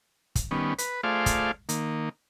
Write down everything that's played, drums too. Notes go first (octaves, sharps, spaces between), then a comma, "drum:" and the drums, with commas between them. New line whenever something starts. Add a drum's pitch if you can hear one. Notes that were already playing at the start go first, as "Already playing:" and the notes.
drum: kick, hi-hat
D#3 G3 B3 C#4
B4, drum: hi-hat
A3 F4 G#4 C5 D5 F5
drum: kick, hi-hat
D#3 A#3, drum: hi-hat